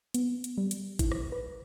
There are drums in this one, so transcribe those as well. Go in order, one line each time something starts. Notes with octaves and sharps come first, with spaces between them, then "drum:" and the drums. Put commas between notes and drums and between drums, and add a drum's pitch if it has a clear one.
B3, drum: hi-hat
drum: hi-hat
G3
drum: hi-hat
E4, drum: kick G#1, hi-hat
drum: rim click
B4